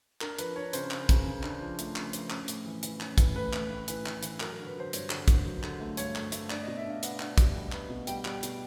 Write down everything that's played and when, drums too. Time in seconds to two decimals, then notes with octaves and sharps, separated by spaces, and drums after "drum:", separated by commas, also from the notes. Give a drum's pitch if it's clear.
0.21 D4 A#4, drum: clap
0.39 F3 B4, drum: hi-hat
0.56 D4 C#5
0.73 C#3 C5, drum: hi-hat
0.91 C#3, drum: clap
1.09 C#3, drum: kick, hi-hat
1.26 C#3
1.43 D4, drum: clap
1.61 F3
1.79 A3, drum: hi-hat
1.96 C#3, drum: clap
2.13 F3, drum: hi-hat
2.30 C#4, drum: clap
2.48 A2, drum: hi-hat
2.66 E3
2.83 E3, drum: hi-hat
3.01 C#4, drum: clap
3.18 E3, drum: kick, hi-hat
3.36 A2 B4
3.53 A2, drum: clap
3.70 A2
3.88 E3 B4, drum: hi-hat
4.06 E3, drum: clap
4.23 E3, drum: hi-hat
4.40 F#3 A#4, drum: clap
4.53 D3 A#4
4.66 B4
4.75 F#3 C5
4.93 G2 C#5, drum: hi-hat
5.10 D3, drum: clap
5.28 D3, drum: kick, hi-hat
5.45 F#3
5.63 D3, drum: clap
5.80 A3
5.97 G2 C#5, drum: hi-hat
6.16 A3, drum: clap
6.32 A3, drum: hi-hat
6.50 D4 D5, drum: clap
6.63 B2 D#5
6.77 E5
6.86 D4 F5
7.03 B3 F#5, drum: hi-hat
7.19 D4, drum: clap
7.38 G3, drum: kick, hi-hat
7.55 G3
7.72 B3, drum: clap
7.89 B2
8.07 G3 G5, drum: hi-hat
8.25 G3, drum: clap
8.43 B2, drum: hi-hat